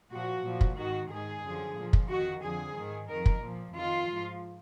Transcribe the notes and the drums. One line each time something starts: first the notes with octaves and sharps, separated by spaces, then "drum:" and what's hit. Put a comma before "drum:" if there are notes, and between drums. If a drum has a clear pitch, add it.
A#2 F3 F#4
A#2 F3
drum: kick
G#2 D#3 F#4
G#2 D#3 G#4
F#2 D3 F3
A#2 F3
drum: kick
F2 D#3 F#4
F2 D3 F3 G#4
G#2 D#3
F2 D#3 A#4
drum: kick
A#2 F3
F2 D#3 F4
G#2 F3